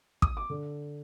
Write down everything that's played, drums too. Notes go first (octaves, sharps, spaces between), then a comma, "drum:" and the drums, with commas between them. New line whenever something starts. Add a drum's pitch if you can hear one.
D#6, drum: kick
D6
D3